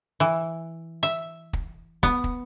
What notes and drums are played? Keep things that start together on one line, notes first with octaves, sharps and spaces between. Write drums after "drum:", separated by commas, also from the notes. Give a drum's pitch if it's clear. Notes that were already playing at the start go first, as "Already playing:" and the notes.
E3
E5
drum: kick
B3, drum: kick
drum: kick